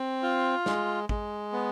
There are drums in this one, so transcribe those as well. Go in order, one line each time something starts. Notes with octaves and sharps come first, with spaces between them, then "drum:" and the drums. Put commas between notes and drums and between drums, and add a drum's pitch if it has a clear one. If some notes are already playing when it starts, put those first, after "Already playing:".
Already playing: C4
F4
G#3, drum: snare
G#3, drum: kick
B3